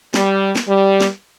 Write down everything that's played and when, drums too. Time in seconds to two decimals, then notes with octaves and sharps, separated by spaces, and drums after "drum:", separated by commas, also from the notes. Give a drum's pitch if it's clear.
0.14 G3, drum: snare
0.56 drum: snare
0.68 G3
1.01 drum: snare